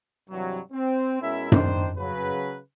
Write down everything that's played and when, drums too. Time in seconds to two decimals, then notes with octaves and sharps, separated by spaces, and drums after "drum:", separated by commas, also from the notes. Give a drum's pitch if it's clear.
0.29 G2 C3 E3 F#3
0.72 C4
1.21 B2 G#3 C#4 E4 A#4 E5
1.52 D#3 D4 C5, drum: tom F#2
1.97 C#3 F#3 B4